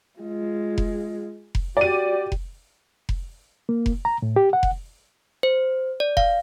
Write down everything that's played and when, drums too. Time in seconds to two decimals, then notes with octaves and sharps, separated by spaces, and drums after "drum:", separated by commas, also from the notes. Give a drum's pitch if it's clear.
0.19 G#3 F4
0.78 drum: kick F1
1.55 drum: kick F1
1.77 F#4 G4 D5 D#7
2.32 drum: kick F1
3.09 drum: kick F1
3.69 A#3
3.86 drum: kick F1
4.05 A#5
4.22 A2
4.36 G4
4.53 F#5
4.63 drum: kick F1
5.43 C5
6.00 D5
6.17 F5, drum: kick F1